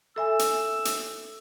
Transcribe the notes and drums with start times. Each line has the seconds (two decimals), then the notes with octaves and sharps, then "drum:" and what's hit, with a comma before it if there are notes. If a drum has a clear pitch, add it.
0.16 A4 E5 G#5 E6
0.39 drum: hi-hat
0.85 drum: hi-hat